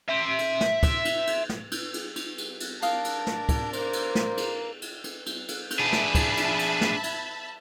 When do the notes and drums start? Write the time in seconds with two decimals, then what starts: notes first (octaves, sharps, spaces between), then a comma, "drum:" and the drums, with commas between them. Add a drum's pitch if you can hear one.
0.08 E5 C6
0.38 drum: cymbal
0.61 drum: snare
0.83 drum: kick, cymbal
1.05 drum: cymbal
1.27 drum: cymbal
1.49 drum: snare
1.71 drum: cymbal
1.94 drum: cymbal
2.16 drum: cymbal
2.38 drum: cymbal
2.60 drum: cymbal
2.82 D4 A#4 D5 F5 A5 D#6, drum: cymbal
3.04 drum: cymbal
3.27 drum: snare
3.49 drum: kick, cymbal
3.73 A#3 C5, drum: cymbal
3.93 drum: cymbal
4.15 drum: snare
4.37 drum: cymbal
4.82 drum: cymbal
5.04 drum: cymbal
5.26 drum: cymbal
5.48 drum: cymbal
5.70 drum: cymbal
5.79 D4 G#4 E5 A5 B5
5.93 drum: snare
6.15 drum: kick, cymbal
6.37 drum: cymbal
6.59 drum: cymbal
6.81 drum: snare
7.03 drum: cymbal